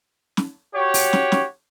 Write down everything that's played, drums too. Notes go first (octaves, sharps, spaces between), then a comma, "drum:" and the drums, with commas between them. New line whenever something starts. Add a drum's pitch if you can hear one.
drum: snare
F#4 G4 C#5
drum: open hi-hat
drum: snare
drum: snare